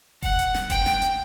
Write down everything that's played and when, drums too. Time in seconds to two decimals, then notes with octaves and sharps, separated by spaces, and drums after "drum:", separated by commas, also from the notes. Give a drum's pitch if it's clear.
0.23 F#5, drum: kick F1, open hi-hat
0.39 drum: hi-hat
0.54 drum: snare
0.70 G5, drum: kick F1, hi-hat
0.86 drum: snare
1.02 drum: hi-hat